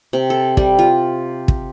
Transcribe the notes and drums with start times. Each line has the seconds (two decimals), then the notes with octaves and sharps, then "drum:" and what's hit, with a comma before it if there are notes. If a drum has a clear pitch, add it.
0.13 C3
0.30 A4
0.57 G3, drum: kick
0.79 F4
1.48 drum: kick